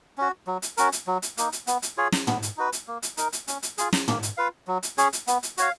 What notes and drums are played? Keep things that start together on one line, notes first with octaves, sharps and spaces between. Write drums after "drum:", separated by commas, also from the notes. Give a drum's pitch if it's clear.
C#4 F#4
F#3
drum: hi-hat
C#4 F#4 A#4, drum: hi-hat
drum: hi-hat
F#3
drum: hi-hat
A#3 D#4, drum: hi-hat
drum: hi-hat
B3, drum: hi-hat
drum: hi-hat
F4 G#4 C#5
drum: snare
B3, drum: tom
drum: hi-hat
D#4 F#4 B4
drum: hi-hat
A#3
drum: hi-hat
D#4 A#4, drum: hi-hat
drum: hi-hat
C#4, drum: hi-hat
drum: hi-hat
F4 G#4, drum: hi-hat
drum: snare
A#3, drum: tom
drum: hi-hat
F4 B4 F5
F#3
drum: hi-hat
C#4 G#4 C#5, drum: hi-hat
drum: hi-hat
B3, drum: hi-hat
drum: hi-hat
F#4 C#5 F5, drum: hi-hat